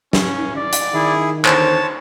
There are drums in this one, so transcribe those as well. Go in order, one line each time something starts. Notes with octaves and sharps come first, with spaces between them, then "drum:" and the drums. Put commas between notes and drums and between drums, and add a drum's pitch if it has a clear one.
C#4, drum: snare
D5
drum: hi-hat
D#3 E4 G#4
E2 D3 C5 C#5 A5, drum: clap